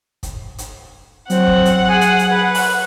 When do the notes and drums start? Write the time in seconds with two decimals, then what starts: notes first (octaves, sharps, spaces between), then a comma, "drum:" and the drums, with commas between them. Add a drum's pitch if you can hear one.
0.23 drum: kick, hi-hat
0.58 drum: hi-hat
1.30 F#3 C4 F#5, drum: hi-hat
1.48 drum: kick
1.65 drum: hi-hat
1.88 G#4 G#5
2.01 drum: hi-hat
2.19 drum: hi-hat
2.31 B4
2.55 drum: open hi-hat